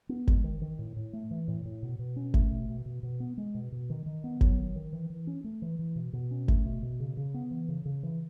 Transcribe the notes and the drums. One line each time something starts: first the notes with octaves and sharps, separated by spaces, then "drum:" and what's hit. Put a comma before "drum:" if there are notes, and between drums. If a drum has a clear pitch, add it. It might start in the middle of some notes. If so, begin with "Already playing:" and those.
B3
G#3, drum: kick G1
D#3
D#3
A2
A2
A3
E3
A2
A2
B2
B2
C#4
A3, drum: kick G1
B2
B2
B2
B2
B3
G#3
B2
B2
D#3
D#3
B3
F#3, drum: kick G1
D#3
D#3
E3
E3
C#4
A3
E3
E3
B2
B2
C#4
A3, drum: kick G1
B2
B2
C#3
C#3
B3
E3
C#3
C#3
E3